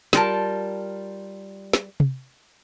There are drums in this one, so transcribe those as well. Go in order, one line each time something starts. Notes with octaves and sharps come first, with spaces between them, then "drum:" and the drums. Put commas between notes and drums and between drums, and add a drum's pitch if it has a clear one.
G3 F4 A#4 A5, drum: snare
drum: snare
drum: tom C3